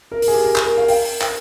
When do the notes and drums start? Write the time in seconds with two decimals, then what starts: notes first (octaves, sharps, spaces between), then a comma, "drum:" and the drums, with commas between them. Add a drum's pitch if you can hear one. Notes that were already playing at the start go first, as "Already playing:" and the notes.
0.12 A#4
0.22 A#4, drum: open hi-hat
0.28 G#4
0.34 G4
0.45 A#4
0.56 A#4, drum: clap
0.66 A#4
0.77 F5
0.88 G5, drum: open hi-hat
1.05 drum: open hi-hat
1.21 G5, drum: clap